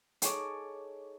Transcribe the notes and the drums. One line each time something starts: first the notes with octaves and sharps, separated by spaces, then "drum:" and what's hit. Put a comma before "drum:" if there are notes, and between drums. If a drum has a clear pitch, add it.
D#4 G#4 A4 C#5 C#6 D6, drum: hi-hat